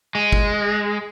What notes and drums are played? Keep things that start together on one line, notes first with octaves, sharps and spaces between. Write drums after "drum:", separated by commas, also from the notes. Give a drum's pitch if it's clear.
G#3
drum: kick